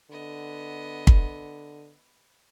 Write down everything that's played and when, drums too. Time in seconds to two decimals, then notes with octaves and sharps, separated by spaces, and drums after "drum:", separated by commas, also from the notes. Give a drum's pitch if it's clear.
0.10 D3 B3 D#5
1.07 drum: kick